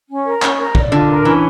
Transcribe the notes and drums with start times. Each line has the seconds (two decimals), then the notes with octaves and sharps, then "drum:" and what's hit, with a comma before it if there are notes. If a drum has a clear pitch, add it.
0.09 C#4
0.25 A#4
0.42 C#4, drum: clap
0.58 A#4
0.75 D5, drum: kick
0.92 D3 F4
1.08 A#4
1.25 E3 C#4